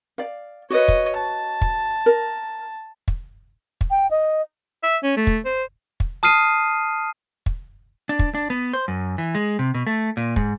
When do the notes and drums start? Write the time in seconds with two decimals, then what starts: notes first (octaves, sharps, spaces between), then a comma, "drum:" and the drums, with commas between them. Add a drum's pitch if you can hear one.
0.18 D5 F5
0.70 F#4 B4 C#5 D#5
0.88 drum: kick
1.17 A5
1.61 drum: kick
2.06 A#4
3.08 drum: kick
3.81 drum: kick
3.91 G5
4.11 D#5
4.83 E5
5.03 C#4
5.17 A3
5.27 drum: kick
5.45 C5
6.00 drum: kick
6.23 A5 D#6 F6 C7 D#7
7.46 drum: kick
8.09 D4
8.19 drum: kick
8.35 D4
8.50 B3
8.73 C5
8.88 F#2
9.18 E3
9.35 G#3
9.59 C3
9.74 B2
9.87 A3
10.17 A#2
10.36 G#2, drum: kick